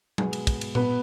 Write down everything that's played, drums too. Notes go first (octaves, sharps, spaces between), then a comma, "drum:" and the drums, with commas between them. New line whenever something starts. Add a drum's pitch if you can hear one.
B2 G#3 B3 G#4, drum: tom F#3
drum: cymbal
drum: kick, cymbal
drum: cymbal
B2 B3 B4, drum: tom A#2